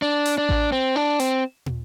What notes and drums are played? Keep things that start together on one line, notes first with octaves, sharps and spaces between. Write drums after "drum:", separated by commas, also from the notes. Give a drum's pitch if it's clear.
D4
drum: hi-hat
D4
drum: kick A1
C4
D4
C4, drum: hi-hat
drum: tom